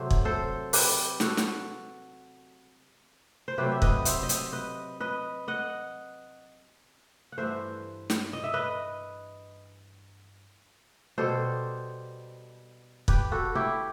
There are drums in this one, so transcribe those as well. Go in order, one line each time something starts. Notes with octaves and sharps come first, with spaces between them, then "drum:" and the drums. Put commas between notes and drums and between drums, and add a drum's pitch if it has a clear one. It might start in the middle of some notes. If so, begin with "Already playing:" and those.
Already playing: C3 F#3 A3 C5 E5
drum: kick
A4 C5
G4 B4, drum: open hi-hat
F#4 A4, drum: snare
drum: snare
C5
C3 F#3 A3 G4 B4
E5
B4 D#5, drum: kick
C5 E5, drum: hi-hat
D#5
C5 E5, drum: hi-hat
B4 D#5
B4 D#5
D#5 F#5
F#5
G2 E3 A3 C5 E5
drum: snare
D#5
E5
B4 D#5
B2 G3 A4 C5
G4 B4, drum: kick
F#4 A4
E4 G4